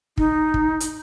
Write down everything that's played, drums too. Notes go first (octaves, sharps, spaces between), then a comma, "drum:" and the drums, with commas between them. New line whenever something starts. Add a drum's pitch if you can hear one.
D#4, drum: kick
drum: kick
drum: hi-hat